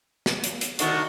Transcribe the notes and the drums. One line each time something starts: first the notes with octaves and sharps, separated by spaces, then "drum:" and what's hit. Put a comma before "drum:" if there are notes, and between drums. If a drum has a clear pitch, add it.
drum: snare
drum: hi-hat
drum: hi-hat
C2 D3 D#3 A3 F#4, drum: hi-hat